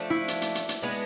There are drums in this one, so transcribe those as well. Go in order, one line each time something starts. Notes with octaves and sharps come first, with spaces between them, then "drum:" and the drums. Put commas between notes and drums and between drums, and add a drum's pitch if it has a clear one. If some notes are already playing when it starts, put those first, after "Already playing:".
Already playing: F3 A3 D4
E4
drum: hi-hat
drum: hi-hat
drum: hi-hat
drum: hi-hat
G#3 B3 D4